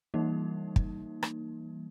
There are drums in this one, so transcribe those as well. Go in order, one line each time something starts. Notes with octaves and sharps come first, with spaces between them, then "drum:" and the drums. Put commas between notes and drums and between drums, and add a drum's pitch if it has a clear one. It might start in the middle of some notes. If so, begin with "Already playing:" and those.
E3 G3 A#3 D#4
drum: kick
drum: rim click